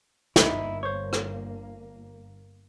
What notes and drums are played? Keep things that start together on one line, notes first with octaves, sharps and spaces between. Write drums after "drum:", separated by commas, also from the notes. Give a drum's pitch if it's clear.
G1 A#3 D#4 E4, drum: snare
C5 C#5
drum: rim click